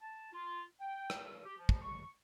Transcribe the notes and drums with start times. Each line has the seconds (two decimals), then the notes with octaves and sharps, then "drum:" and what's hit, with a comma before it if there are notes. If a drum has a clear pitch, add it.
0.02 A5
0.32 F4
0.80 G5
1.10 drum: rim click
1.45 G4
1.58 F3
1.69 drum: kick
1.82 C#6